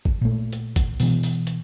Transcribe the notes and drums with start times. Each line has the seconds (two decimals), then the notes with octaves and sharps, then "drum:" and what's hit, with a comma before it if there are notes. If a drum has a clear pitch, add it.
0.05 drum: kick
0.21 A#2 A3
0.53 drum: hi-hat
0.76 drum: kick, hi-hat
1.00 B2 E3, drum: open hi-hat
1.23 drum: open hi-hat
1.47 drum: hi-hat